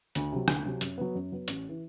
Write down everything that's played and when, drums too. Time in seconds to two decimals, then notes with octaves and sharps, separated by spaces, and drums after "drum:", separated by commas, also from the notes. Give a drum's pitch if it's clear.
0.15 D2, drum: hi-hat
0.32 C3 F#3
0.48 D2, drum: rim click
0.65 C3 F#3
0.81 F#2, drum: hi-hat
0.98 F#3 B3
1.15 F#2
1.32 F#3 B3
1.48 A1, drum: hi-hat
1.69 E3